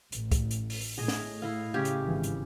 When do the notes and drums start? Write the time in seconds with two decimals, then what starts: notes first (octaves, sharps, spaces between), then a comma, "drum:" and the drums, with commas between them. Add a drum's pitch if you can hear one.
0.12 A1, drum: hi-hat
0.31 drum: kick, hi-hat
0.51 drum: hi-hat
0.70 drum: open hi-hat
0.98 A2 G#4 D#5
1.08 drum: snare
1.42 E4 D#5 F5
1.74 C#3 C#4 G4
1.85 drum: hi-hat
2.06 G#1 G#2 E3
2.23 drum: hi-hat